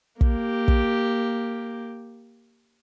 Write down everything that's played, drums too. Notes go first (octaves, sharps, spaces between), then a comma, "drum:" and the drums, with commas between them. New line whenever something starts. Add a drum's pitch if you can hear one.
A#3 G4, drum: kick
drum: kick